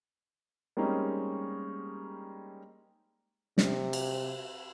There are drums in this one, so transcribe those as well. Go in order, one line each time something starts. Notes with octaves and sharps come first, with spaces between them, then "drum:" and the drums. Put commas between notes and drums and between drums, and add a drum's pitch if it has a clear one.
G3 G#3 A#3 C4 C#4 D#4
C3, drum: snare
drum: cymbal